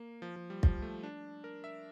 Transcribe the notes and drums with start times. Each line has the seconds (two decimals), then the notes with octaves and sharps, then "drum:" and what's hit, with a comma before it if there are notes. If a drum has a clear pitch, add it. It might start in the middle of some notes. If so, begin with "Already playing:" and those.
Already playing: A#3
0.22 F3
0.36 F3
0.50 G3
0.63 F3, drum: kick
0.82 A3
1.03 D4
1.44 A#4
1.64 E5